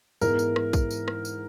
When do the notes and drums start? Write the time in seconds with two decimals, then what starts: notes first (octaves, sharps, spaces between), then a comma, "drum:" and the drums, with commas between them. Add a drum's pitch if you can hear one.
0.21 G#2 E3 G#3 B3 A#4, drum: tambourine
0.39 drum: tambourine
0.56 drum: rim click
0.73 drum: kick, tambourine
0.90 drum: tambourine
1.08 drum: rim click
1.25 drum: tambourine